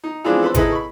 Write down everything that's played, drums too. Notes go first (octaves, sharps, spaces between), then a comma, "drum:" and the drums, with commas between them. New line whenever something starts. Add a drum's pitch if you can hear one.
D#4
E3 F3 G#3 B3 C4 D4
A4 B4 C5
D#4 E4 G#4 A4 B4 D#5, drum: kick G#1, hi-hat
B5 C#6